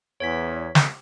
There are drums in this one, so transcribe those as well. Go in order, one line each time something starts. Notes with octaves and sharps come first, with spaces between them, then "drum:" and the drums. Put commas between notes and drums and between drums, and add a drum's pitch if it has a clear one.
E2 C#5 G#6 B6
drum: snare